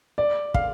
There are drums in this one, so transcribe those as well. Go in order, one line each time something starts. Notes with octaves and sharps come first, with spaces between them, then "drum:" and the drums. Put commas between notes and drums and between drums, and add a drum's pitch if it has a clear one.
D5
F5, drum: kick